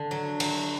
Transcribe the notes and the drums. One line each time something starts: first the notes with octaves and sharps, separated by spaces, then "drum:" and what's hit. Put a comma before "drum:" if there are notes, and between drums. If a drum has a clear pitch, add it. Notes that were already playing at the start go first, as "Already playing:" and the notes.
Already playing: D3
F#3
F#3, drum: cymbal